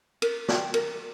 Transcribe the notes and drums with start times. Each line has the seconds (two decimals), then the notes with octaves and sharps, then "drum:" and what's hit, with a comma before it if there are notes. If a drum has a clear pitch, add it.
0.22 A#4, drum: cymbal
0.48 D5 G5, drum: snare
0.74 A#4, drum: cymbal